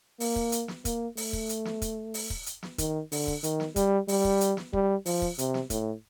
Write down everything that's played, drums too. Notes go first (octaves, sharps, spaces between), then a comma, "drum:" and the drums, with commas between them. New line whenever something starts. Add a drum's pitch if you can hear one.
A#3, drum: open hi-hat
drum: kick
drum: hi-hat
drum: snare
A#3, drum: kick, hi-hat
A3, drum: open hi-hat
drum: kick
drum: hi-hat
drum: snare
drum: kick, hi-hat
drum: open hi-hat
drum: kick
drum: hi-hat
drum: snare
D#3, drum: kick, hi-hat
D3, drum: open hi-hat
drum: kick
D#3, drum: hi-hat
drum: snare
G3, drum: kick, hi-hat
G3, drum: open hi-hat
drum: kick
drum: hi-hat
drum: snare
G3, drum: kick
F3, drum: open hi-hat
drum: kick
C3, drum: hi-hat
drum: snare
A2, drum: kick, hi-hat